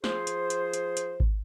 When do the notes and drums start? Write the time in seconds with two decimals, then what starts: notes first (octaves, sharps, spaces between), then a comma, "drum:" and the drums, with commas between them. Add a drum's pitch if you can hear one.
0.04 F3 G#4 C5, drum: snare
0.27 drum: hi-hat
0.50 drum: hi-hat
0.74 drum: hi-hat
0.97 drum: hi-hat
1.20 drum: kick G#1